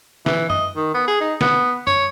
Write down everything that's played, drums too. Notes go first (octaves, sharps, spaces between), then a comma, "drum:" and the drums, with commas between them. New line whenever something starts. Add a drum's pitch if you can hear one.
E3, drum: snare
D#5, drum: tom F#2
D#3
B3
G#4
D#4
B3, drum: snare
C#5, drum: tom F#2